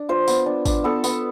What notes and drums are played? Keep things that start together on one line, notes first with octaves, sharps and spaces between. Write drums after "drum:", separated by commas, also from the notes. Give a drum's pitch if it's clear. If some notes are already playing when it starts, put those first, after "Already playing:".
Already playing: D4
F4 C5
B3, drum: tambourine
D4
D4, drum: kick G#1, tambourine
B3 A4
B3, drum: tambourine